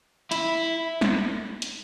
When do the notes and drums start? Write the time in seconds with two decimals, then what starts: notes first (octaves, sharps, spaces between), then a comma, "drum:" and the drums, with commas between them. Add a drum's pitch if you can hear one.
0.32 E4, drum: hi-hat
1.01 drum: snare
1.62 drum: hi-hat